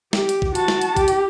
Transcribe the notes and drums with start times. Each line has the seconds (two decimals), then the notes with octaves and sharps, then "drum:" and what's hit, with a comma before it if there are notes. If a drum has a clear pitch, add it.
0.13 G4, drum: snare
0.29 drum: hi-hat
0.42 drum: kick
0.55 F#4 A5, drum: hi-hat
0.68 drum: snare
0.81 drum: hi-hat
0.96 G4, drum: kick, hi-hat
1.08 drum: hi-hat